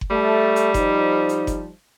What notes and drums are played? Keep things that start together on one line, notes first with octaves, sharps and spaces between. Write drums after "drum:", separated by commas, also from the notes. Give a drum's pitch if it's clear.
drum: kick F#1
G3 A3
drum: hi-hat
F3 D#4, drum: kick F#1, hi-hat
drum: hi-hat
drum: kick F#1, hi-hat